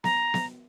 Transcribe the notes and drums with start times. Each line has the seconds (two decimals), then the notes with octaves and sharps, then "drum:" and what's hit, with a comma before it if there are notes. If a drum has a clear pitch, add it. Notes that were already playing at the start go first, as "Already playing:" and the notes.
0.04 A#5, drum: snare B3
0.34 drum: snare B3